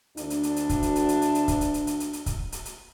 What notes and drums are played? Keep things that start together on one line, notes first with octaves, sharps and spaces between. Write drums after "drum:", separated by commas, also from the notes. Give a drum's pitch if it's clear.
D2 D4, drum: hi-hat
drum: hi-hat
drum: hi-hat
drum: hi-hat
drum: kick, hi-hat
drum: hi-hat
drum: hi-hat
drum: hi-hat
drum: hi-hat
drum: hi-hat
drum: kick, hi-hat
drum: hi-hat
drum: hi-hat
drum: hi-hat
drum: hi-hat
drum: hi-hat
drum: kick, hi-hat
drum: hi-hat
drum: hi-hat